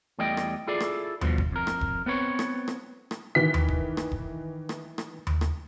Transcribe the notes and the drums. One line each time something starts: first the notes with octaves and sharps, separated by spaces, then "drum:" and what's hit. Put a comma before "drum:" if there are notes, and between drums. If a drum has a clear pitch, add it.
E2 G3 A3 D#5 G5
drum: rim click
E4 F4 G#4 A4 D5
drum: rim click
E2 G2 B2 F3, drum: tom D#2
drum: kick E1
F2 A#4
drum: rim click
drum: kick E1
B3 C4 B4 C#5
drum: rim click
drum: rim click
drum: rim click
D#3 E3 B6
drum: tom D#2
drum: kick E1
drum: rim click
drum: kick E1
drum: rim click
drum: rim click
drum: tom D#2
drum: rim click